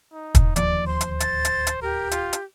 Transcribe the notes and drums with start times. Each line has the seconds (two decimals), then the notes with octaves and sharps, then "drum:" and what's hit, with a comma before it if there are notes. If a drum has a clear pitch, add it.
0.13 D#4
0.35 drum: kick, hi-hat
0.56 D1 D#2 F3 D5, drum: hi-hat
0.87 C5 C6
1.01 drum: hi-hat
1.20 A6, drum: hi-hat
1.45 drum: hi-hat
1.67 drum: hi-hat
1.82 G4 A#4
2.11 F4, drum: hi-hat
2.33 drum: hi-hat